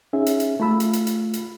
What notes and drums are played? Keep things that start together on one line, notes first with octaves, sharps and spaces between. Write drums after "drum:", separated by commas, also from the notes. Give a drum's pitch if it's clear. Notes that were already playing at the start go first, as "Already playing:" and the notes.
C#4 D#4 G#4 E5
drum: hi-hat
drum: hi-hat
A3 F4 B5 E6
drum: hi-hat
drum: hi-hat
drum: hi-hat
drum: hi-hat